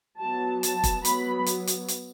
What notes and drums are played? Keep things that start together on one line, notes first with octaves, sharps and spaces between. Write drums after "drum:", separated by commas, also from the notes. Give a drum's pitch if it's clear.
F#3 B3 A5
A5, drum: hi-hat
drum: kick, hi-hat
F#3 B3 B5, drum: hi-hat
drum: hi-hat
drum: hi-hat
drum: hi-hat